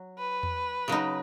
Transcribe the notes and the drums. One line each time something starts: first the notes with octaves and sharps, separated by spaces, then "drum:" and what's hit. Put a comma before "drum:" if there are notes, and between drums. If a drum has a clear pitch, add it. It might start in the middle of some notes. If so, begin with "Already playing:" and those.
Already playing: F#3
B4
drum: tom E2
C#3 F#3 D#4